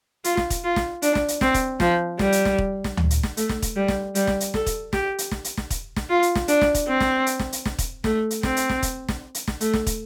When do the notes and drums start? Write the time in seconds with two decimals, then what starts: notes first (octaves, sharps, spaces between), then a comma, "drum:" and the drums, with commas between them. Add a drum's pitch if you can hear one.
0.24 F4, drum: hi-hat
0.37 drum: snare
0.50 drum: kick, hi-hat
0.64 F4
0.76 drum: snare
1.02 D4, drum: hi-hat
1.15 drum: snare
1.28 drum: hi-hat
1.41 C4, drum: snare
1.54 drum: kick, hi-hat
1.80 F3, drum: snare
2.19 G3, drum: snare
2.32 drum: hi-hat
2.45 drum: snare
2.58 drum: kick
2.84 drum: snare
2.97 drum: tom D2
3.10 drum: hi-hat
3.23 drum: snare
3.37 A3, drum: hi-hat
3.49 drum: snare
3.62 drum: kick, hi-hat
3.76 G3
3.88 drum: snare
4.15 G3, drum: hi-hat
4.27 drum: snare
4.40 drum: hi-hat
4.54 A4, drum: snare
4.66 drum: kick, hi-hat
4.93 G4, drum: snare
5.18 drum: hi-hat
5.31 drum: snare
5.44 drum: hi-hat
5.57 drum: snare
5.70 drum: kick, hi-hat
5.96 drum: snare
6.09 F4
6.22 drum: hi-hat
6.35 drum: snare
6.48 D4, drum: hi-hat
6.61 drum: snare
6.74 drum: kick, hi-hat
6.87 C4
7.00 drum: snare
7.26 drum: hi-hat
7.39 drum: snare
7.52 drum: hi-hat
7.66 drum: snare
7.79 drum: kick, hi-hat
8.04 A3, drum: snare
8.31 drum: hi-hat
8.43 C4, drum: snare
8.57 drum: hi-hat
8.70 drum: snare
8.83 drum: kick, hi-hat
9.09 drum: snare
9.35 drum: hi-hat
9.48 drum: snare
9.61 A3, drum: hi-hat
9.74 drum: snare
9.87 drum: kick, hi-hat